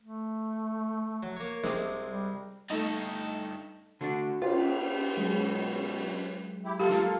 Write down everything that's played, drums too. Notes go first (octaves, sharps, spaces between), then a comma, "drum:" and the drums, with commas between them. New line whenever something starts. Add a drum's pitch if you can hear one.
A3
F#3
A#3 C#5
C2 C3 G#3, drum: snare
G3
G2 A3 D#4 A4
D3 A3 D4 F#4
F4, drum: cymbal
B2 F#3 G#3
E4 G4
A#3 F4 G4 A4
drum: snare